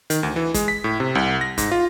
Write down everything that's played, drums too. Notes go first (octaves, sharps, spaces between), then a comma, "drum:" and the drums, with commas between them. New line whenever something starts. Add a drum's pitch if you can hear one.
D#3, drum: hi-hat
D2
E3
G#3, drum: kick F#1, hi-hat
B6
A2
C3
C2
A#6
G#2, drum: kick F#1, hi-hat
F4